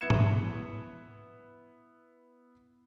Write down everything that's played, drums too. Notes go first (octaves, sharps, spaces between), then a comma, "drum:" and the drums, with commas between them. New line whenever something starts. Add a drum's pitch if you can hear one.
B3 E4 G#6 C#7 E7
drum: tom G#2